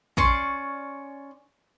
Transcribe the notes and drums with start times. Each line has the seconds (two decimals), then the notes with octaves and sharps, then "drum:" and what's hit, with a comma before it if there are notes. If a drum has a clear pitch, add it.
0.17 C#4 D5 C6 C#6, drum: kick